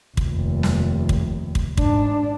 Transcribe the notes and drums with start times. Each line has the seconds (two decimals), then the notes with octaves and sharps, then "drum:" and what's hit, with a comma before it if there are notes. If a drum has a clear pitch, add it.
0.17 F1 D#2, drum: kick
0.63 drum: snare
1.09 drum: kick
1.55 drum: kick
1.77 G#2 D4, drum: kick